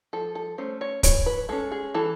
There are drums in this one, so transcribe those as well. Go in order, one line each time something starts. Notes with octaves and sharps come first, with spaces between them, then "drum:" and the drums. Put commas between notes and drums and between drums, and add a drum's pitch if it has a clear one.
F3 A4
A4
A3 C#4 C5
C#5
E3 C#5, drum: kick, hi-hat
B4
G#3 C#4 A4
G#4
E3 A4